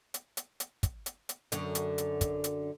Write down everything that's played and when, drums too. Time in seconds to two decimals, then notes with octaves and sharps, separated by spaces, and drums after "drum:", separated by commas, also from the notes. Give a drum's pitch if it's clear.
0.14 drum: hi-hat
0.37 drum: hi-hat
0.60 drum: hi-hat
0.83 drum: kick, hi-hat
1.06 drum: hi-hat
1.29 drum: hi-hat
1.52 F#2 D3, drum: hi-hat
1.75 drum: hi-hat
1.98 drum: hi-hat
2.21 drum: kick, hi-hat
2.44 drum: hi-hat